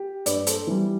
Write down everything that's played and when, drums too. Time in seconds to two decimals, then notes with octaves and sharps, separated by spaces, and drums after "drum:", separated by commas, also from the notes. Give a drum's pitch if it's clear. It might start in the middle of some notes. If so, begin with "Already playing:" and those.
Already playing: G4
0.26 G2 B4 D5, drum: hi-hat
0.47 A4 C5, drum: hi-hat
0.67 E3 G3